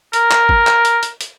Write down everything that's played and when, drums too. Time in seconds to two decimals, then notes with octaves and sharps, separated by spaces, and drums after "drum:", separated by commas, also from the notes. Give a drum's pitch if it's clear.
0.13 A#4, drum: hi-hat
0.31 drum: clap
0.49 drum: kick
0.67 drum: clap
0.85 drum: hi-hat
1.03 drum: hi-hat
1.21 drum: hi-hat